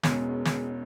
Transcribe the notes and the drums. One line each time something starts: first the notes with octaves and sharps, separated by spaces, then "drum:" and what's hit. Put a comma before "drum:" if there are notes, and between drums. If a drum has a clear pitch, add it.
E1 E2 B2 G#3 C#4, drum: snare
drum: snare